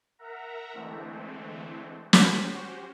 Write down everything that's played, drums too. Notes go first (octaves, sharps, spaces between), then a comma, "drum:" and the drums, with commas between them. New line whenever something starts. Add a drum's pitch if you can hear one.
A#4 E5 F#5 A#5
D3 E3 G#3 A3 C4
C#4 F#4 G4 C5, drum: snare